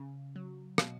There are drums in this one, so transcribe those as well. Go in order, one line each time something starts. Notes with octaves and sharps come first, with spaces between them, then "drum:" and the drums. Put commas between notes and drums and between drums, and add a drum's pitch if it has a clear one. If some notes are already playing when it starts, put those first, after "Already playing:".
Already playing: C#3
F#3
B2, drum: rim click